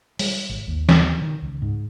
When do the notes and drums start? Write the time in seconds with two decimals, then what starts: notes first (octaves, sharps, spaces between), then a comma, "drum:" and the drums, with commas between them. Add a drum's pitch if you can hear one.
0.19 G3, drum: open hi-hat
0.49 G#1
0.68 D#2
0.89 drum: snare
1.21 D#3
1.42 C#2
1.62 G#2